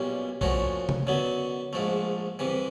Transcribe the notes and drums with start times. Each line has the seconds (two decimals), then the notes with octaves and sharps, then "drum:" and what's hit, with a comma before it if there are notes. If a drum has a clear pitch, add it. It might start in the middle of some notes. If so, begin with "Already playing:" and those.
Already playing: B1 A#2 G3 A#3 C#4
0.41 A#2 F3 A3 C#4 F#4, drum: kick B1
0.89 drum: tom C3
1.07 F#2 D3 F#3 B3
1.73 A#1 G#2 F3 A3
2.39 C2 C3 E3